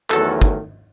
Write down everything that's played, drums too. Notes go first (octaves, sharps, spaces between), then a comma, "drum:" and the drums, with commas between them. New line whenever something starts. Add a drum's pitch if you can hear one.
E2 D#3 F#3 A3 F#4 A4, drum: clap
drum: kick